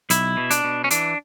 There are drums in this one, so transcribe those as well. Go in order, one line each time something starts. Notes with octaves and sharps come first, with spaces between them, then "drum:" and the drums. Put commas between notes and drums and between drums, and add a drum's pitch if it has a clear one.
B1 E4, drum: hi-hat
B2
D4, drum: hi-hat
B2
C#4
E3 D4, drum: hi-hat